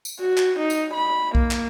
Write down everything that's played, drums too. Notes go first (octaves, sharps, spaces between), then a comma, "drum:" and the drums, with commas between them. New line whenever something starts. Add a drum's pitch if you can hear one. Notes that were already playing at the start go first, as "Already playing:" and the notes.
drum: tambourine
F#4
drum: clap
D#4
drum: tambourine
B5
A#3, drum: kick B1
drum: clap